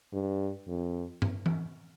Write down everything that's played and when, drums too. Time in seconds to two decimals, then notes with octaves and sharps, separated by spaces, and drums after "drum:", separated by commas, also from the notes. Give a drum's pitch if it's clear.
0.13 G2
0.68 F2
1.22 drum: tom G2
1.46 drum: tom E3